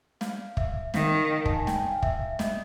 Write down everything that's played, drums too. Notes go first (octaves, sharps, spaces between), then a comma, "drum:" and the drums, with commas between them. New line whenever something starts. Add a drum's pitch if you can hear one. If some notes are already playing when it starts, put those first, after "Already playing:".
F5, drum: snare
E5, drum: kick
D#3 F5, drum: snare
A5, drum: kick
G#5
G5, drum: snare
F5
E5, drum: kick
D#5, drum: snare